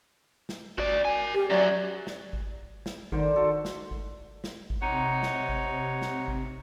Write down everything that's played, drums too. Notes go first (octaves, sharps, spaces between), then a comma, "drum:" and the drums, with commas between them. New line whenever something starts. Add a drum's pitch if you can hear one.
drum: snare
F#4 D5, drum: kick G#1
A#4 G#5
G4
F#2 F#3 D5
drum: snare
drum: kick G#1
drum: snare
D3 D#3 C5 C6, drum: kick G#1
F#4 A4
drum: snare
drum: kick G#1
drum: snare
drum: kick G#1
C3 D#4 C#5 F#5
drum: snare
drum: kick G#1
drum: snare
drum: kick G#1